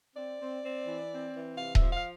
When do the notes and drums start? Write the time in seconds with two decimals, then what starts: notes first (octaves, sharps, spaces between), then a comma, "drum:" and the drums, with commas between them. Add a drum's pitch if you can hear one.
0.16 C4 D5
0.40 C4
0.64 C4
0.87 E3
1.11 C4
1.34 E3
1.58 C3 F5
1.75 E5, drum: kick D#1
1.81 F3
1.93 F5